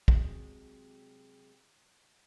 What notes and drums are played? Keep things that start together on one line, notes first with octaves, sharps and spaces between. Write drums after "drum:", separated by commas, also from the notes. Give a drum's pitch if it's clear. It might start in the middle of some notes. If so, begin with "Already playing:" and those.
C3 F#3 G#3, drum: kick